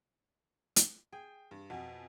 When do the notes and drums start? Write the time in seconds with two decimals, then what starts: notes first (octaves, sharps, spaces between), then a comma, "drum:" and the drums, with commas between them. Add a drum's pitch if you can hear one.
0.76 drum: hi-hat
1.13 G#4 G5
1.51 G2
1.70 F2 B2 G#5